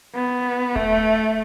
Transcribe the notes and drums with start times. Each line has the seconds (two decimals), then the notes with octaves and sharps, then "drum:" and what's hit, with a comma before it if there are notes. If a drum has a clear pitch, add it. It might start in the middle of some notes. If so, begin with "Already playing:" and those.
0.15 B3
0.76 A3, drum: kick D#1